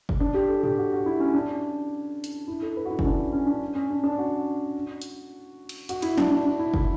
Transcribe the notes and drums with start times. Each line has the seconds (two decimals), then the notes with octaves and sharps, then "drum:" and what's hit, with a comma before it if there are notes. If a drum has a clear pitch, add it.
0.09 drum: kick
0.20 D4
0.34 G4
0.48 A4
0.63 G4, drum: tom
0.78 F#4
0.92 F#4
1.06 E4
1.20 C#4
1.34 D4
2.24 drum: hi-hat
2.48 E4
2.62 A4
2.77 B4
2.85 F#4
2.91 E4
2.99 C#4, drum: kick
3.05 D4
3.32 C#4
3.47 D4
3.75 C#4
3.90 D4
4.04 D4
4.18 F#4
5.01 drum: hi-hat
5.69 drum: cymbal
5.89 F#4, drum: hi-hat
6.02 E4, drum: cymbal
6.18 D4, drum: snare
6.32 D4
6.46 D4
6.59 E4
6.74 E4, drum: kick